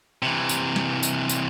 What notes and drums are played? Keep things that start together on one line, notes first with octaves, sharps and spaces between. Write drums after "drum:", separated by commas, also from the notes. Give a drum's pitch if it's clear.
C3 E3
drum: tambourine
drum: snare
drum: tambourine
drum: tambourine